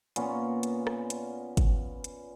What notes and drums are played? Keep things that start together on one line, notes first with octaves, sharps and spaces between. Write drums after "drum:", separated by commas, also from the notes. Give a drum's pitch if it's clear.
A#2 B3 C#4, drum: hi-hat
drum: hi-hat
drum: rim click
drum: hi-hat
drum: kick, hi-hat
drum: hi-hat